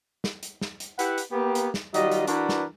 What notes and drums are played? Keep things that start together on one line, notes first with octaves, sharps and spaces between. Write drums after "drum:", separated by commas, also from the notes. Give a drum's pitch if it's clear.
drum: snare
drum: hi-hat
drum: snare
drum: hi-hat
E4 G4 B4 F#5, drum: hi-hat
drum: hi-hat
A#3 B3 G4
drum: hi-hat
drum: snare
D#3 F#3 G3 F4 D#5, drum: hi-hat
drum: hi-hat
E3 D4 F#4 A#4 B4 D5, drum: hi-hat
drum: snare